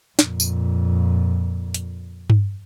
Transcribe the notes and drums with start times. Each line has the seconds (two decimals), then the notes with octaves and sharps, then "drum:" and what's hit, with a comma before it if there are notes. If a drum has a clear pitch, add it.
0.19 F2 A#2, drum: snare
0.40 drum: tambourine
1.74 drum: hi-hat
2.30 drum: tom G2